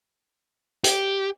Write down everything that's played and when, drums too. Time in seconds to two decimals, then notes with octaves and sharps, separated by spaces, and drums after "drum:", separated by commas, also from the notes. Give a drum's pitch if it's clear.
0.84 G4, drum: hi-hat